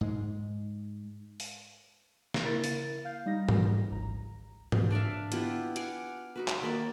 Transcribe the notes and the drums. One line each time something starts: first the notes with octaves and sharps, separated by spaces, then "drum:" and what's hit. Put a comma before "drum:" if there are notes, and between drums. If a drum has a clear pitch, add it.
G#2 G#3
drum: open hi-hat
drum: snare
C#3 A#3 E4 A#4 A6
drum: open hi-hat
F5 G6
G3 D#4 A#6
drum: tom G#2
G#1 C#2 A#5
drum: tom G#2
D4 D5 E5 F5
B3 E4 F4 G4, drum: hi-hat
F5 F#5 G#5 D6, drum: hi-hat
D#4 F#4 B4
E5, drum: clap
D#3 A#3 D5